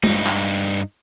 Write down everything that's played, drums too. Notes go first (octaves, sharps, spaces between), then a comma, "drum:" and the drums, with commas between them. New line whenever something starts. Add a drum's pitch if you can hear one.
G2 D#4, drum: tom G#3
drum: clap